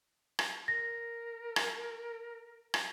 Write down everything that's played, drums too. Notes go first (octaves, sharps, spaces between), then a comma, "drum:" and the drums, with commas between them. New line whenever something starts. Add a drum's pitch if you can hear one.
drum: rim click
A#4 A#6
drum: rim click
drum: rim click